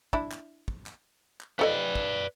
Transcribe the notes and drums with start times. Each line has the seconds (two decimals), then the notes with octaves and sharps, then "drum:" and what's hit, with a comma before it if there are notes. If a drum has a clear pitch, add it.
0.13 D4 E4, drum: kick
0.31 drum: clap
0.68 drum: kick
0.86 drum: clap
1.41 drum: clap
1.59 F3 A4 B4 D5 D#5
1.95 drum: kick